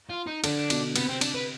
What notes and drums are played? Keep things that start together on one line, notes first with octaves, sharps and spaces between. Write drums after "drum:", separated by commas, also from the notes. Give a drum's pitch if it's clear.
F4
D#4
D3 D4, drum: cymbal
B2, drum: cymbal
C3 B3, drum: cymbal
C4
D4, drum: cymbal
B4